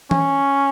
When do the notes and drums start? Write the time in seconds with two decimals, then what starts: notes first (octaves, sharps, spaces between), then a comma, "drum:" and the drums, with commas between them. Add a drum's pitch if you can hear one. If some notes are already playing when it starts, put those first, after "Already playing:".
0.11 C#4, drum: tom E3